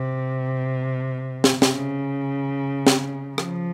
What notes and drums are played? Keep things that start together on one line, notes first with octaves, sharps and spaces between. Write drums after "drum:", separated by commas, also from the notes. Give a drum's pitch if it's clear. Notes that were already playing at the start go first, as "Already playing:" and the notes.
Already playing: C3
drum: snare
C#3, drum: snare
drum: snare
F3, drum: rim click